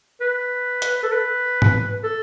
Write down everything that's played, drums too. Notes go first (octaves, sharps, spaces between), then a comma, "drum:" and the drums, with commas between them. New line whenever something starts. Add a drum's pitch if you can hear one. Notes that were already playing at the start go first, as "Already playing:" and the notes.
B4
drum: hi-hat
A4
B4
drum: tom G#2
A4